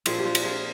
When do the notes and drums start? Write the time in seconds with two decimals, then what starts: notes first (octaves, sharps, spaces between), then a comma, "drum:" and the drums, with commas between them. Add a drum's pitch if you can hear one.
0.06 A#2 F3 C4 F4 G#4, drum: cymbal
0.18 G4
0.25 D4 F4
0.35 drum: cymbal
0.44 F4 G#4